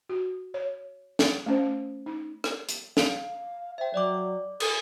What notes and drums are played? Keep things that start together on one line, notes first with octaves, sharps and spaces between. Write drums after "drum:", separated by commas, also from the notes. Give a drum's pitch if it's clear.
F#4
C#5
drum: snare
A3 C#4 C5
D#4
drum: rim click
drum: hi-hat
F5, drum: snare
C5 E5 G5
F#3 D5 D#5 D6
A4 G#5 D#6, drum: cymbal